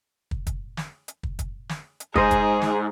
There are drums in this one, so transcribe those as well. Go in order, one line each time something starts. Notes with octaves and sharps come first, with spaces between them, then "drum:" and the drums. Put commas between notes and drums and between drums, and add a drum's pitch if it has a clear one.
drum: kick
drum: kick, hi-hat
drum: snare
drum: hi-hat
drum: kick
drum: kick, hi-hat
drum: snare
drum: hi-hat
G#2 G#4 C5 D#5, drum: kick
drum: kick, hi-hat
drum: snare